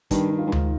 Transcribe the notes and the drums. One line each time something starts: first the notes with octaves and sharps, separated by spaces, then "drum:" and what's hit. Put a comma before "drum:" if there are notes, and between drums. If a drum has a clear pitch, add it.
G2 D#3, drum: kick, hi-hat
G2
F4
G2
G#2, drum: tom D2